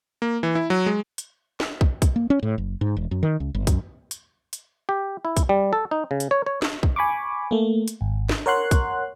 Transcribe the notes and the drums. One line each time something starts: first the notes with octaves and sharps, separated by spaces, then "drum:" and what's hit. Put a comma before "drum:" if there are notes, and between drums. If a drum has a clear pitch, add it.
A#3
E3
E4
F#3
G#3
drum: hi-hat
drum: snare
drum: kick
drum: kick, hi-hat
A#3
C#4
A2
F#1
G#2
E1
F#2
D#3
C#2
G1
F#2, drum: kick, hi-hat
drum: hi-hat
drum: hi-hat
G4
E4
drum: kick, hi-hat
G3
A4
D#4
C#3
drum: hi-hat
C#5
C#5
drum: snare
drum: kick
G#5 B5 C#6 D6
A3 A#3
drum: hi-hat
G#1
drum: snare
A#4 C#5 F#5 C6 F#6
drum: kick, hi-hat